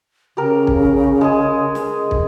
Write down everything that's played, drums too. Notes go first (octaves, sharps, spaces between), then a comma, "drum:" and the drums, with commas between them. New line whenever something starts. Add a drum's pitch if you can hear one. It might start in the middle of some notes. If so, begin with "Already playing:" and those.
C#3 G4 A#4
drum: kick
G#3 G#4
drum: snare
drum: kick